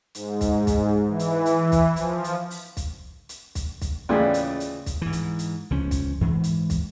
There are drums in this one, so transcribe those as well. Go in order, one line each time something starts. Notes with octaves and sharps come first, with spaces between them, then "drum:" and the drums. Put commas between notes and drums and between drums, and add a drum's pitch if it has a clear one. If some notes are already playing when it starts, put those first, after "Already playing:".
G#2, drum: hi-hat
drum: kick, hi-hat
drum: kick, hi-hat
E3
drum: hi-hat
drum: hi-hat
drum: kick, hi-hat
F3, drum: hi-hat
drum: hi-hat
drum: open hi-hat
drum: kick, hi-hat
drum: hi-hat
drum: kick, hi-hat
drum: kick, hi-hat
D#2 A2 C#3 E3 F4 G#4 B4 D5
drum: hi-hat
drum: hi-hat
drum: kick, hi-hat
G#2 E3
drum: hi-hat
drum: hi-hat
C#2 F3 C#4
drum: kick, hi-hat
G#2 E3
drum: hi-hat
drum: kick, hi-hat